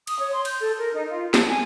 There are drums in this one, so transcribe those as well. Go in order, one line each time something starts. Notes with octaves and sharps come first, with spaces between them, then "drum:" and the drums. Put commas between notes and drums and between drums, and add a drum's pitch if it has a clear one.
D#6, drum: cymbal
C#5
C6
G6, drum: cymbal
A4
A#4
D#4
F4
A5, drum: snare
G#5